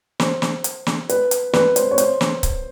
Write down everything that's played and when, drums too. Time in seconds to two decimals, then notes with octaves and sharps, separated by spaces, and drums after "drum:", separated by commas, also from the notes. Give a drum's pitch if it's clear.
0.20 C5, drum: snare
0.42 drum: snare
0.64 drum: hi-hat
0.87 drum: snare
1.09 B4, drum: hi-hat
1.31 drum: hi-hat
1.53 B4, drum: snare
1.76 C5, drum: hi-hat
1.91 C#5
1.98 C5, drum: hi-hat
2.21 drum: snare
2.43 drum: kick C#1, hi-hat